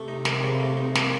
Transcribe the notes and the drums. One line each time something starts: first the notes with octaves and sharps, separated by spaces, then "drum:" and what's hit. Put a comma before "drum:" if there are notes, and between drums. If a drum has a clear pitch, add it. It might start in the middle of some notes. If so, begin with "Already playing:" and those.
Already playing: C3 A3
D#4
A#4, drum: snare
C#3
A3
D#4
A#3, drum: snare